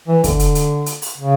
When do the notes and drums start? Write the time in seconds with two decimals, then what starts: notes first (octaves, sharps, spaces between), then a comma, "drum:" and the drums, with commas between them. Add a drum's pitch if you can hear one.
0.08 E3
0.24 D3, drum: kick, hi-hat
0.39 drum: hi-hat
0.55 drum: hi-hat
0.86 drum: hi-hat
1.02 drum: open hi-hat
1.18 C#3